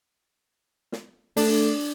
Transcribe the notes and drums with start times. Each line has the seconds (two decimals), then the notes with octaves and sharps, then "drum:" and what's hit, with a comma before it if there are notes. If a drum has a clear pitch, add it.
0.92 drum: snare
1.37 A3 D4, drum: open hi-hat